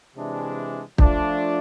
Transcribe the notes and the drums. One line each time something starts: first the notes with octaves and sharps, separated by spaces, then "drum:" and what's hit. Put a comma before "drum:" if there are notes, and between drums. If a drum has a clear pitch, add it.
C3 E3 G#3 D4
F3 A3 D4 F4, drum: kick